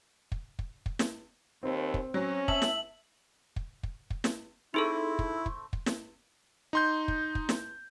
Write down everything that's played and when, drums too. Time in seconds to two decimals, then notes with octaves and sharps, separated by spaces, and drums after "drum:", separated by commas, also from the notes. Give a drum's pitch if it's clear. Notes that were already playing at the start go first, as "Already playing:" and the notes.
0.32 drum: kick
0.59 drum: kick
0.86 drum: kick
0.99 drum: snare
1.63 D#2 C4
1.94 drum: kick
2.14 F#3 C#4
2.48 E5 A5 E6 F#7, drum: kick
2.62 drum: snare
3.56 drum: kick
3.83 drum: kick
4.10 drum: kick
4.24 drum: snare
4.74 A3 C4 D#4 E4 G#4 A4
5.19 drum: kick
5.46 drum: kick
5.73 drum: kick
5.86 drum: snare
6.73 D#4 C6 G6
7.08 drum: kick
7.35 drum: kick
7.49 drum: snare